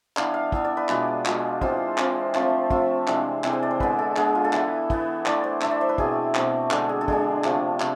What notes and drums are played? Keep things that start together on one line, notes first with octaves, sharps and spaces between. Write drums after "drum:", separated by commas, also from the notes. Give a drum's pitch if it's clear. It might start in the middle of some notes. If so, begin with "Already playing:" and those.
E3 B3 D4 F5, drum: clap
F5
E3 B3 D4 E5, drum: kick
D5
B4
B2 G#3 D4 F4 B4, drum: clap
B2 G#3 D4 F4, drum: clap
E3 G#3 C4 F4 C5, drum: kick
E3 G#3 C4 F4, drum: clap
F3 A3 C4, drum: clap
F3 A3 C4 E5, drum: kick
C3 E3 G#3 D4, drum: clap
C3 E3 G#3 D4 E5, drum: clap
C5
D5
C5
D3 G#3 B3 B4, drum: kick
A4
D3 G#3 B3 G#4, drum: clap
F4
A4
E3 B3 E4 B4, drum: clap
E3 B3 E4, drum: kick
E3 A3 D4 D5, drum: clap
C5
E3 A3 D4 E5, drum: clap
D5
C5
B4
B2 A3 C4 G#4, drum: kick
B2 A3 C4, drum: clap
D3 G#3 D4 A4, drum: clap
G#4
A4
D3 G#3 D4 G#4, drum: kick
C3 F3 A3, drum: clap
C3, drum: clap